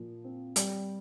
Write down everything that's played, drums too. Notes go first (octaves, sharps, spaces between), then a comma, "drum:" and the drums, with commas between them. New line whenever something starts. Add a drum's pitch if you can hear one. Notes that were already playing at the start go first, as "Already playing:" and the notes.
Already playing: A#2 F3
C4
G3, drum: hi-hat